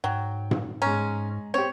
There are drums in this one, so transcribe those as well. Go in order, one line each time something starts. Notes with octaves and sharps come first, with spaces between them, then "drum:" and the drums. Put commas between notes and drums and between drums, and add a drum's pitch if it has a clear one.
G#2 F#3 G5
drum: tom G#2
G#3 C#4 A#5
C4 G4 C#5